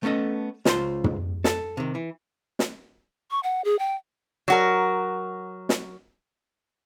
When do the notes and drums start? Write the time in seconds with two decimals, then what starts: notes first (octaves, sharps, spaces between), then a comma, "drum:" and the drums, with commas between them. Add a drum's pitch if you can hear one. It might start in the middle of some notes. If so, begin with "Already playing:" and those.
0.03 A3 B3 C#4 A4 D#5
0.65 C#2 F4 C5 C6, drum: snare
1.04 drum: tom
1.44 A4, drum: snare
1.77 C3 D#3
1.95 E3
2.59 drum: snare
3.31 C#6
3.43 F#5
3.65 G#4
3.79 G5
4.48 F#3 F#4 A#4
5.69 drum: snare